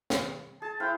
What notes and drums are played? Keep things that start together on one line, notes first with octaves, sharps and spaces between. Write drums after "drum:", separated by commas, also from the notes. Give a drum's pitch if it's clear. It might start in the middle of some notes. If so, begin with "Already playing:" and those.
drum: snare
G#4 A5
E4 C5 F5 G5